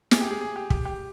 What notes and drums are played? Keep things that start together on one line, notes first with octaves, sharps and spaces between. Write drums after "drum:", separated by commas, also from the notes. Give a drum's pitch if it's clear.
G#4, drum: snare
G4
G#4
G#4
G4
G4, drum: kick
G4